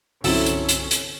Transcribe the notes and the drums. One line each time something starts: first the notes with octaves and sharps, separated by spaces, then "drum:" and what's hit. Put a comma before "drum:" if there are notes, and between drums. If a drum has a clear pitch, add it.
C2 G2 D3 F#3 C4 C#4 E4 A4, drum: open hi-hat
drum: hi-hat
drum: hi-hat
drum: hi-hat